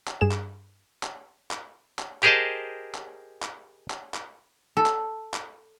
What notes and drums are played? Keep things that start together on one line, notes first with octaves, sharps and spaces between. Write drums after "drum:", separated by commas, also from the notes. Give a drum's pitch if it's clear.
drum: clap
G2 G#4 E7
drum: clap
drum: clap
drum: clap
drum: clap
G4 G#4 A#4 C5 D#5 A5, drum: clap
drum: clap
drum: clap
drum: clap
drum: clap
A4
drum: clap
drum: clap